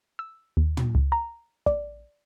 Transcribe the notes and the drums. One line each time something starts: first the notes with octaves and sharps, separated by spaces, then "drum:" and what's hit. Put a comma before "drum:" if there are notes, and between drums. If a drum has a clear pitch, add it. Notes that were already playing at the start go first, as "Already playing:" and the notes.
E6
D#2
drum: tom
C#2
A#5
D5, drum: kick